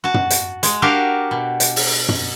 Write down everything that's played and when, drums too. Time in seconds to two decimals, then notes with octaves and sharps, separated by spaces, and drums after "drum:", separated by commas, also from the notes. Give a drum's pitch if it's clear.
0.04 F#4 A5
0.14 drum: tom
0.30 drum: hi-hat
0.63 G#3, drum: hi-hat
0.82 D4 F#4 G4 A#4 F5
1.31 B2
1.60 drum: hi-hat
1.76 drum: open hi-hat
2.09 drum: tom